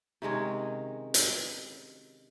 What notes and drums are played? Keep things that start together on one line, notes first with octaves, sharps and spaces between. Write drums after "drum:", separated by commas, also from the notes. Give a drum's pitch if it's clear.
C3 D#3 G#3 C#4
drum: hi-hat